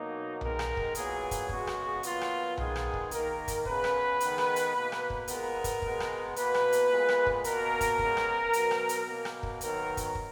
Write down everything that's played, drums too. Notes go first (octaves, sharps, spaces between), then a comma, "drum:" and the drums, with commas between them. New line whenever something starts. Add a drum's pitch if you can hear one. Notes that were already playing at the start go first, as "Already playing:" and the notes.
Already playing: B2 F#3 A#3 D#4
D#3 G#3 B3 A#4, drum: tom B1
drum: rim click
drum: kick
A#2 F#3 B3 G#4, drum: hi-hat
drum: kick, hi-hat
C#3 G#3 B3 F#4, drum: kick
drum: rim click
A#2 F#3 B3 F4, drum: hi-hat
drum: rim click
D#3 G#3 B3 G#4, drum: tom B1
drum: rim click
drum: kick
D#3 A#3 A#4, drum: hi-hat
drum: kick, hi-hat
C#3 G#3 B3 B4, drum: kick
drum: rim click
D#3 G#3 B3, drum: hi-hat
drum: rim click
drum: hi-hat
B2 A#3
drum: rim click
drum: kick
A#2 G#3 B3 A#4, drum: hi-hat
drum: kick, hi-hat
B2 G#3 B3, drum: kick
drum: rim click
B2 A#3 B4, drum: hi-hat
drum: rim click
drum: hi-hat
A#2 G#3 B3
drum: rim click
drum: kick
B2 A#3 A#4, drum: hi-hat
drum: kick, hi-hat
C#3 G#3 B3, drum: kick
drum: rim click
B2 F#3 B3, drum: hi-hat
drum: rim click
drum: hi-hat
B2 A#3
drum: rim click
drum: kick
D#3 F#3 B3 A#4, drum: hi-hat
drum: kick, hi-hat
drum: kick